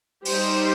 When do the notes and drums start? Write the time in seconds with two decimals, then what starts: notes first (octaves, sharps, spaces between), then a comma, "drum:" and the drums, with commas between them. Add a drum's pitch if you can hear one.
0.25 G3 D#4 G4 C5, drum: open hi-hat